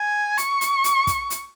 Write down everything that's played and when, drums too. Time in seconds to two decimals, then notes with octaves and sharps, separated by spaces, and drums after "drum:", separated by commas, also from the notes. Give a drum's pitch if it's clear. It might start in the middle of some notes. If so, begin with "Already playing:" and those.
Already playing: G#5
0.38 C#6, drum: hi-hat
0.61 drum: hi-hat
0.84 drum: hi-hat
1.07 drum: kick, hi-hat
1.30 drum: hi-hat